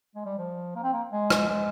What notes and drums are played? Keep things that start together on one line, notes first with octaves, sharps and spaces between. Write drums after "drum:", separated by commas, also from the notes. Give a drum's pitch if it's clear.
G#3
G3
F3
A#3
C4
A#3
G#3
drum: rim click
G#3